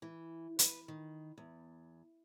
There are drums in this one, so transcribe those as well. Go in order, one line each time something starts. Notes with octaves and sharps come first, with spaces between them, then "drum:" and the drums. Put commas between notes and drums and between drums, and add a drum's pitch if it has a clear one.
E3
B4, drum: hi-hat
D#3
E2